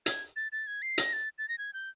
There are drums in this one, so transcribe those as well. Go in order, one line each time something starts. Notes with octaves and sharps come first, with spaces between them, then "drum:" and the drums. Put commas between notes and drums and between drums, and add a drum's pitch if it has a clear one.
G#6, drum: hi-hat
A6
A6
G#6
C7
A#6, drum: hi-hat
A6
A6
A#6
G#6
G6